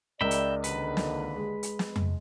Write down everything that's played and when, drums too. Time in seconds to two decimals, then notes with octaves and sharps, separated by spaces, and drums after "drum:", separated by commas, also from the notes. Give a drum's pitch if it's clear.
0.21 C#2 A#4 D5 E5 G5 B5
0.31 drum: hi-hat
0.64 D#2 D3 B4, drum: hi-hat
0.97 drum: snare
1.36 G#3
1.63 drum: hi-hat
1.79 drum: snare
1.96 drum: tom F2